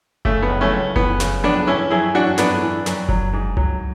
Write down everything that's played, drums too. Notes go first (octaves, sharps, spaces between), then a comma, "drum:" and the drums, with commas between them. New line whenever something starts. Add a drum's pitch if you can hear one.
C#3 A3, drum: kick F#1
B3
C#2
A3 C#4
C#2
E3 B3, drum: kick F#1
C#3, drum: snare
C#2 B3 D4
E3 C#4 E4
F#2 E4 G#4
E3 D4 F#4
F#2 B3 D4, drum: snare
E3
F#2, drum: snare
F#3, drum: kick F#1
G#2
F#3, drum: tom C2